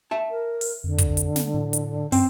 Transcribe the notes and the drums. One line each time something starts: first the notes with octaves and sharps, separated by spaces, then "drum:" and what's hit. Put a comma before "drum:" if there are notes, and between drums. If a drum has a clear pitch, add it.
E5 A5
A#4
drum: open hi-hat
F2 D3
drum: kick, hi-hat
drum: hi-hat
drum: snare
A2
drum: hi-hat
G2 C4 C#4, drum: open hi-hat